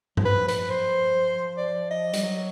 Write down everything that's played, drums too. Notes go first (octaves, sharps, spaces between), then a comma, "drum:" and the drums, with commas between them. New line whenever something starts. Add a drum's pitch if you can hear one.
F#3, drum: tom G2
F3 B4
B4, drum: hi-hat
C5
D5
D#5
G3, drum: hi-hat
F#3 D#5